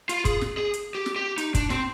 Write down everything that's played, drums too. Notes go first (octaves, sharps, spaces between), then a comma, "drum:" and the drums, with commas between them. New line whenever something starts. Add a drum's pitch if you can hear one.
F4, drum: hi-hat
G#4, drum: kick, hi-hat
drum: snare
G#4
drum: hi-hat
G4
drum: snare
G4
D#4, drum: hi-hat
D4, drum: kick, hi-hat
C4, drum: snare